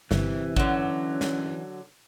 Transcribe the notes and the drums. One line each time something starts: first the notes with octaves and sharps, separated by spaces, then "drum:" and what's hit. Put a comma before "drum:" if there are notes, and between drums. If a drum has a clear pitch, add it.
G1 C3 E3, drum: snare
D3 F#3 C#4, drum: kick
drum: snare